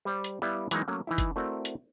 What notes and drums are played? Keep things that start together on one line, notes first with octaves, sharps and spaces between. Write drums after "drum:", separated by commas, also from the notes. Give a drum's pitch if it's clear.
G3 C5 D5
drum: hi-hat
G3 B3 E4 D5 E5 F5
E3 F#3 G#3 A#3 D#4, drum: hi-hat
F#3 A3 A#3 C#4
E3 D#4 E4
drum: kick F#1, hi-hat
A3 C4 E4 F#4 A#4 D5
drum: hi-hat